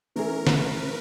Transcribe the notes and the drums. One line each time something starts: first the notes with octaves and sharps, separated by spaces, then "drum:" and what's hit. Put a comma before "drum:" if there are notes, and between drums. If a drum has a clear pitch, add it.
E3 A3 C#4 E4 G#4 A#4
B4, drum: snare